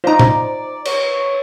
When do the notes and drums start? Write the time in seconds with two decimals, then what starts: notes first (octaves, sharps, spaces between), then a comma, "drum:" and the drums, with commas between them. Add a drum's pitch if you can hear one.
0.04 D#4 F4 C5 D5 A#5
0.19 drum: tom A#2
0.85 C#5, drum: cymbal